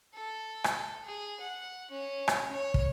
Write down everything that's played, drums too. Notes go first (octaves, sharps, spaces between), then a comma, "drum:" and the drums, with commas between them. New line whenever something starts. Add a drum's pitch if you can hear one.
A4
drum: rim click
G#4
F#5
C#4
drum: rim click
C#5
drum: kick